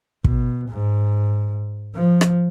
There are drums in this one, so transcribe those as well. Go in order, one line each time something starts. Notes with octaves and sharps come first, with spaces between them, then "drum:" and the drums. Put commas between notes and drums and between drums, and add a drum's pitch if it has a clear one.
B2, drum: kick
G#2
F3
drum: rim click